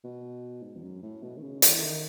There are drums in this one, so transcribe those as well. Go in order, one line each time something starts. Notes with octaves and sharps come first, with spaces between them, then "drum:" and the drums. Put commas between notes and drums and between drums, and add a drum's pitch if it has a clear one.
B2
G#2
E2
F#2
A2
B2
D#3
C#3
E3, drum: hi-hat
D#3